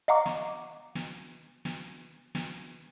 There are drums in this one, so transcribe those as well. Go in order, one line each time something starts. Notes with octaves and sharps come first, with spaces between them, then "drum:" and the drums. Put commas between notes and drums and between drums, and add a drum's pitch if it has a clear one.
D#5 F5 F#5 A#5 C#6 D6
drum: snare
drum: snare
drum: snare
drum: snare